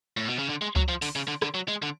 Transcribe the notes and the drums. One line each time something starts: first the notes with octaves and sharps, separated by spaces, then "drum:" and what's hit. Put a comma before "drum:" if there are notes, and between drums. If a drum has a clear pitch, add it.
A2
B2
C#3
D3
G#3
F#3, drum: kick C#2
F3
D3, drum: open hi-hat
C#3
D3
D3, drum: rim click
F#3
G#3
D3